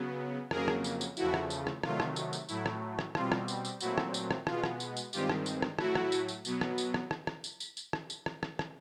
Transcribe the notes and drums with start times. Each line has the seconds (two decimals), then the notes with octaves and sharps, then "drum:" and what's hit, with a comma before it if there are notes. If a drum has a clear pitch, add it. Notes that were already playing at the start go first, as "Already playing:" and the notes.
Already playing: C#3 F#3 B3
0.51 F2 C#3 F#3 A#3 G#4 A#4, drum: rim click
0.68 drum: rim click
0.84 drum: tambourine
1.01 drum: tambourine
1.17 E2 C#3 F3 A3 E4 F#4, drum: tambourine
1.34 drum: rim click
1.50 drum: tambourine
1.67 drum: rim click
1.83 C3 D#3 F#3 A3 F4, drum: rim click
2.00 drum: rim click
2.16 drum: tambourine
2.33 drum: tambourine
2.49 A2 F#3 A3 E4, drum: tambourine
2.66 drum: rim click
2.99 drum: rim click
3.15 B2 G3 C4 F4, drum: rim click
3.32 drum: rim click
3.48 drum: tambourine
3.65 drum: tambourine
3.81 A#2 F#3 A3 C4 E4 F#4, drum: tambourine
3.98 drum: rim click
4.14 drum: tambourine
4.31 drum: rim click
4.47 B2 G#3 B3 F4, drum: rim click
4.64 drum: rim click
4.80 drum: tambourine
4.97 drum: tambourine
5.13 G2 D#3 G#3 C4 F4 G4, drum: tambourine
5.29 drum: rim click
5.46 drum: tambourine
5.62 drum: rim click
5.79 A2 F#3 A3 E4 F#4, drum: rim click
5.95 drum: rim click
6.12 drum: tambourine
6.28 drum: tambourine
6.45 B2 F#3 B3, drum: tambourine
6.61 drum: rim click
6.78 drum: tambourine
6.94 drum: rim click
7.11 drum: rim click
7.27 drum: rim click
7.44 drum: tambourine
7.60 drum: tambourine
7.77 drum: tambourine
7.93 drum: rim click
8.10 drum: tambourine
8.26 drum: rim click
8.43 drum: rim click
8.59 drum: rim click